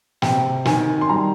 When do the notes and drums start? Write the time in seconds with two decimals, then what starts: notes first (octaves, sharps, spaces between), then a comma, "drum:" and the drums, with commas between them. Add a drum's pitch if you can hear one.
0.22 C3 G5, drum: snare
0.65 D#3 G#5, drum: snare
1.01 C6
1.09 G3 A#5